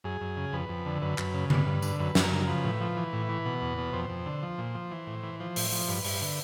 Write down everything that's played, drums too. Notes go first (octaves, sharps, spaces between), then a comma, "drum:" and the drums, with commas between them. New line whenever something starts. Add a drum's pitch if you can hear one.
F#2 G#4
F#2
C#3
F2 B4
F2
D3
F#2 B4
F#2, drum: clap
C#3
G2 B4, drum: tom D3
G2
D3, drum: tambourine
F#2 B4
F#2, drum: snare
A#4
C#3
F3 B4
A2
F3
E3
A2
E3
B2
E2
B2
F2 C5
F2
D3
F3
A#2
F3
E3
A2
E3
F3 C5
A2, drum: open hi-hat
F3
G2 B4
G2, drum: open hi-hat
D3